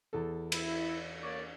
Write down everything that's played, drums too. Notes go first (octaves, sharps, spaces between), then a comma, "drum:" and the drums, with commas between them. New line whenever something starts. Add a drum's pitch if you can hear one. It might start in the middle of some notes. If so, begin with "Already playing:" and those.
E2 A4
E4, drum: cymbal
A#3 C#5 D5